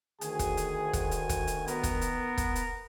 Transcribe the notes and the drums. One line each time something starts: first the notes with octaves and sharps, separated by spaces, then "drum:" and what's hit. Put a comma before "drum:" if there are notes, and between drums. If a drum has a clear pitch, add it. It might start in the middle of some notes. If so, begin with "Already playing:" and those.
D2 D#3 F#4 G#4 G#5, drum: hi-hat
drum: kick, hi-hat
drum: hi-hat
drum: kick, hi-hat
drum: hi-hat
drum: kick, hi-hat
drum: hi-hat
B3 A#4, drum: hi-hat
drum: kick, hi-hat
drum: hi-hat
drum: kick, hi-hat
drum: hi-hat